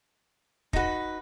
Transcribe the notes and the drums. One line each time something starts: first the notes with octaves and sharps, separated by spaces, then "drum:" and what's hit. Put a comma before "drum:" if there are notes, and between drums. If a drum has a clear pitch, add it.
D#4 F#4 B4, drum: kick